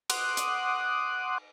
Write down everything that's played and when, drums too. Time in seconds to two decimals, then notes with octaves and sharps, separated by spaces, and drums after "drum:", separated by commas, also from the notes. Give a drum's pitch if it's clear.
0.10 F#5 C6 D6 D#6 F#6, drum: cymbal
0.37 drum: hi-hat